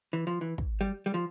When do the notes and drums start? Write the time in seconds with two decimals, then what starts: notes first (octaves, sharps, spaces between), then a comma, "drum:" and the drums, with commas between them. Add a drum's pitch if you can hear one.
0.13 E3
0.27 F3
0.41 E3
0.58 drum: kick
0.81 G3
1.06 G3
1.14 F3